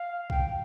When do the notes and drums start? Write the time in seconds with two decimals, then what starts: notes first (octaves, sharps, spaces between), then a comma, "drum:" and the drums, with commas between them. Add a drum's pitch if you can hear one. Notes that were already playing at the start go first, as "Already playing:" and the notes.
Already playing: F5
0.30 G5, drum: kick B1